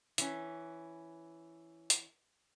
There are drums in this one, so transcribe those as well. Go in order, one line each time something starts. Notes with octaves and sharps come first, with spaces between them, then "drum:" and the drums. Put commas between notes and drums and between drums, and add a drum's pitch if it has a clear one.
E3 C#4, drum: hi-hat
drum: hi-hat